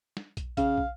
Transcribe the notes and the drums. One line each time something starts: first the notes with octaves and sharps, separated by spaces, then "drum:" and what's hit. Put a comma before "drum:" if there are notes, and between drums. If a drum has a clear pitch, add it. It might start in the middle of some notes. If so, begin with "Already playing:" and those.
drum: snare
drum: kick, hi-hat
C#3 F5, drum: kick, hi-hat
drum: kick